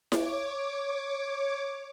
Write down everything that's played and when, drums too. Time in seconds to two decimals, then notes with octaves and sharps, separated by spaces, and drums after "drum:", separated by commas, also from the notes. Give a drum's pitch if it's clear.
0.12 C#5 D6, drum: snare E4